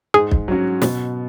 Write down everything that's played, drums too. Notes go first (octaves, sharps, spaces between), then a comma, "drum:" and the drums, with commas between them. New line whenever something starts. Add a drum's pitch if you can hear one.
G#2 G#4
drum: kick
F#3 C#4 F#4
B2, drum: snare